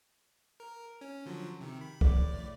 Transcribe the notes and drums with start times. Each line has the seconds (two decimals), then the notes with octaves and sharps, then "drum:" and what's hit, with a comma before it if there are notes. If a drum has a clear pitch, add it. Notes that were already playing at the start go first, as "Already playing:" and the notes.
0.60 A#4
1.01 C#4
1.26 D3 F3 F#3
1.61 C3 D#3
1.81 B5
2.01 A2 D5, drum: kick